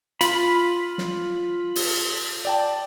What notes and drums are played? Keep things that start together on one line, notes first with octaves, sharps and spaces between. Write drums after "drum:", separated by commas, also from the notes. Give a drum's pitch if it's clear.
F4 B5, drum: hi-hat
drum: snare
drum: open hi-hat
D5 G5 A5